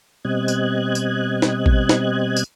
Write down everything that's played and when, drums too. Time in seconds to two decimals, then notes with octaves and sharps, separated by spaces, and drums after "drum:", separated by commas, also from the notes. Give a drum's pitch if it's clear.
0.25 B2 G3 C4 D#5 F#6 G#6
0.48 drum: tambourine
0.95 drum: tambourine
1.42 drum: snare
1.66 drum: kick A1
1.89 drum: snare
2.37 drum: tambourine